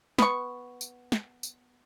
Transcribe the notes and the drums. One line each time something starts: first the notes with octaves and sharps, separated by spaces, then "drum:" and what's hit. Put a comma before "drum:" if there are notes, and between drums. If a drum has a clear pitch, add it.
B3 C#6, drum: snare
drum: tambourine
drum: snare
drum: tambourine